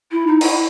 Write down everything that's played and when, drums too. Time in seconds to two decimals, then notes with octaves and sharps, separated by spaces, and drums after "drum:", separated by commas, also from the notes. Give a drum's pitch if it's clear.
0.12 E4
0.27 D#4
0.41 E4, drum: cymbal